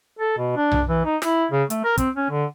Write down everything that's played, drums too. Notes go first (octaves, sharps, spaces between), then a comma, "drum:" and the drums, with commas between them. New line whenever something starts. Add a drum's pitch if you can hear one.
A4
B2
D4
drum: tom B1
E3
D#4
E4, drum: snare
C#3
A3, drum: hi-hat
A#4
C4, drum: kick, hi-hat
C#4
D3